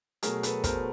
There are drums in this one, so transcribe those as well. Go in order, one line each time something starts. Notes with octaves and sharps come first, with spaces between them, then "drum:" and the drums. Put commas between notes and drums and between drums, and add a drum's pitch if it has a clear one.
B2 F#3 A3 G#4 A#4, drum: hi-hat
A4 B4, drum: hi-hat
B2 F#3 A3 A#4 C5, drum: kick, hi-hat